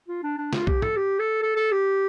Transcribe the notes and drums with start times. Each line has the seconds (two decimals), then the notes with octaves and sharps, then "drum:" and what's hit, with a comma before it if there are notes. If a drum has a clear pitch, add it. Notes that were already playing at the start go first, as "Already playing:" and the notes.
0.08 F4
0.23 D4
0.38 D4
0.53 F4, drum: snare
0.67 G4, drum: kick B1
0.82 A4, drum: tom G#2
0.97 G4
1.19 A4
1.43 A4
1.56 A4
1.72 G4